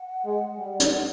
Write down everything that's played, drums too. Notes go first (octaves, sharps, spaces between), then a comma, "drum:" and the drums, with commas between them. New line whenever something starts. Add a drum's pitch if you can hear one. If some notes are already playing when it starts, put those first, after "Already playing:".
Already playing: F#5
G#3
G3
drum: hi-hat